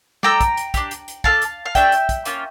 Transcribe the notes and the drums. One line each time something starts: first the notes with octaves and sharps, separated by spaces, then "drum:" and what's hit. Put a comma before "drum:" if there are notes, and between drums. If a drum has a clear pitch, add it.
D4 A4 G5 A#5, drum: snare
drum: kick, hi-hat
drum: hi-hat
D4 G4, drum: kick, hi-hat
drum: hi-hat
drum: hi-hat
D4 A4 F5 A5, drum: kick
drum: hi-hat
F5
A3 D4 G4 E5 G5, drum: kick, hi-hat
drum: hi-hat
drum: kick, hi-hat
A#3 C#4 F4, drum: hi-hat